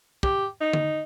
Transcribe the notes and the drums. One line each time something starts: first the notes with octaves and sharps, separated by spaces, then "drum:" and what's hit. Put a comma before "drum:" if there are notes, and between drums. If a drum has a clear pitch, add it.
G4, drum: kick
D#4
drum: tom D3